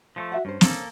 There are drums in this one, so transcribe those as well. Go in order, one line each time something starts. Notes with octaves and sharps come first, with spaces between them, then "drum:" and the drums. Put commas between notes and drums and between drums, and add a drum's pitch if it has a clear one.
F3 G3 A3
F#4 E5 F#5
G2 C#4 C5
A#3 A4, drum: snare